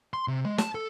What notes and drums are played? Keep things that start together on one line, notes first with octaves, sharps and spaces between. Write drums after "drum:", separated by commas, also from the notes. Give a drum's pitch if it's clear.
C6
C3
G#3
A5, drum: snare
A4